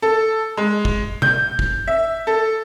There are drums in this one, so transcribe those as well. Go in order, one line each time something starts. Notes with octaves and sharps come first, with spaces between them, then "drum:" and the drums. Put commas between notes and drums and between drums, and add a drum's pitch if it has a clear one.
A4
G#3
drum: kick
G6, drum: tom B2
drum: kick
E5
A4